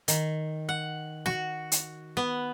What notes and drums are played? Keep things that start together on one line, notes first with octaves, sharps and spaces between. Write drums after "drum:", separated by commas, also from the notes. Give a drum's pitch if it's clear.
D#3, drum: hi-hat
F#5
F#4, drum: snare
drum: hi-hat
B3